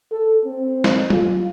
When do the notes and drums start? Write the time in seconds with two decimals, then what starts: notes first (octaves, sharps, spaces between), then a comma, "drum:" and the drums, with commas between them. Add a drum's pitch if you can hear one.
0.11 A4
0.45 C4
0.84 drum: snare
1.10 F4, drum: tom